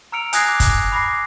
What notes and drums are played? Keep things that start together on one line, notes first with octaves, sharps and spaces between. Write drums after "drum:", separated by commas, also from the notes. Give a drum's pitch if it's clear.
A#5 E6 F6 C#7 D7 F7
G#5 D#6 F#6 G#6 A#6 C7, drum: hi-hat
D6
drum: kick, hi-hat
F#6
B5 D6 A#6 C7